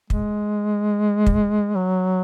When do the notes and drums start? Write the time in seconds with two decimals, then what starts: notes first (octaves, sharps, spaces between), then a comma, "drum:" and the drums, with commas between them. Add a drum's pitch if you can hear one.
0.10 G#3, drum: kick
1.26 drum: kick
1.75 F#3